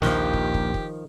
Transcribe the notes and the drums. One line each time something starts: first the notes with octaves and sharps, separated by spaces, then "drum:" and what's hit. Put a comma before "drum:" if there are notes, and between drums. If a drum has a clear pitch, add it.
A#1 D#2 D#3 F3 G4, drum: snare
drum: kick
drum: kick
drum: kick